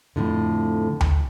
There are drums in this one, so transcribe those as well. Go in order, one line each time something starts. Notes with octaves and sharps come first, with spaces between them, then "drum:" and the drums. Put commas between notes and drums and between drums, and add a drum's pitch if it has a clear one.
F2 A2 D3
drum: tom D2